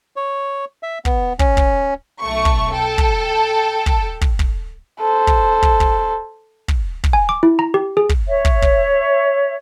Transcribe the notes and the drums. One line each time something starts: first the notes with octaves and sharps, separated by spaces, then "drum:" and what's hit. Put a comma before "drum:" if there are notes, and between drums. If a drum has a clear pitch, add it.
C#5
E5
B3, drum: kick
C#4, drum: kick
drum: kick
B1 A3 C#6
drum: kick
A4 G5
drum: kick
drum: kick
drum: kick
drum: kick
A4 C5
drum: kick
drum: kick
drum: kick
drum: kick
drum: kick
G#5
D6
E4
A#5
G4
G#4
drum: kick
C#5 E5
drum: kick
drum: kick